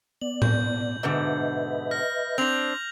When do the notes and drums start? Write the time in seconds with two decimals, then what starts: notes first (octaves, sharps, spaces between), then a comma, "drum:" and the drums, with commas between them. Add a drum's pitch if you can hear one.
0.22 B3 D5 F#7
0.42 G6, drum: tom A2
1.03 G#2 B2 D3 B4 D#5 E5
1.91 F6 A#6
2.38 C4 D4 G6 F7 F#7